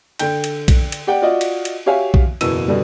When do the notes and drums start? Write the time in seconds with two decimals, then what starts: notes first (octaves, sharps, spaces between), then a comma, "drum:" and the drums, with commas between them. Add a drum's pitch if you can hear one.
0.19 D3 G5 G6, drum: cymbal
0.44 drum: cymbal
0.68 drum: kick B1, cymbal
0.92 drum: cymbal
1.07 G4 D5 F#5 G5
1.22 F4 F#4 D5 D#5 F#5
1.41 drum: cymbal
1.65 drum: cymbal
1.86 F#4 G4 C#5 E5 F5 G#5
2.14 drum: kick B1
2.41 F#1 E2 B2 E6 D#7, drum: cymbal
2.68 B2 D3 G3